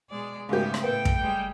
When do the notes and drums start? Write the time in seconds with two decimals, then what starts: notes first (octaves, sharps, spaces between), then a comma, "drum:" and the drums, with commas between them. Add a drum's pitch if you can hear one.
0.10 B2 G#3 D5
0.49 G#2 C#3 A3 B3 G4
0.74 drum: rim click
0.83 A2 B3 A4 G5
1.05 drum: kick
1.21 G3 G#3